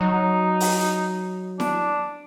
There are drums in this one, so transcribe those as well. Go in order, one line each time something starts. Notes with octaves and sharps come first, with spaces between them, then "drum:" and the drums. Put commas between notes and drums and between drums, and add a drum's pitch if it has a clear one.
F#3 D#4
drum: open hi-hat
D4, drum: snare E4